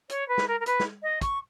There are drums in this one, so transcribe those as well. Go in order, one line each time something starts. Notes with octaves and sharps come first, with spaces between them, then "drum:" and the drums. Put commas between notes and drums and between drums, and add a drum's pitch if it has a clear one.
C#5, drum: hi-hat
B4
drum: snare
A#4
A#4
B4, drum: hi-hat
drum: snare
D#5
C#6, drum: kick, hi-hat